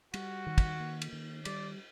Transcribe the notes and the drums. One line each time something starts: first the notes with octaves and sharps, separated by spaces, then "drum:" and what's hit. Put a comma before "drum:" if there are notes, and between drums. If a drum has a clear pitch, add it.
G3 F#4, drum: cymbal
D#3
drum: kick, cymbal
A#3
drum: cymbal
D#3
G3 D5, drum: cymbal